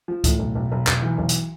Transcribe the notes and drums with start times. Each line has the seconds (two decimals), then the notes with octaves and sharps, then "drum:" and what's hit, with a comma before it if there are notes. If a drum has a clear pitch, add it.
0.08 F3
0.24 A2, drum: kick C#2, hi-hat
0.39 B1
0.55 B1
0.72 B1
0.87 B1, drum: clap
1.02 E3
1.18 B1
1.29 drum: hi-hat